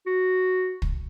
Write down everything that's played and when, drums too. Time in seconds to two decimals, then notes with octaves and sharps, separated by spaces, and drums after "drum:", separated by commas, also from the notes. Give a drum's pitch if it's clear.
0.06 F#4
0.82 drum: kick